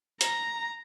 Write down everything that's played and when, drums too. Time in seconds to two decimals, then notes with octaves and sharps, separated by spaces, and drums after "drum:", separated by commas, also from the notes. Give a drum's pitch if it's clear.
0.21 A#5, drum: hi-hat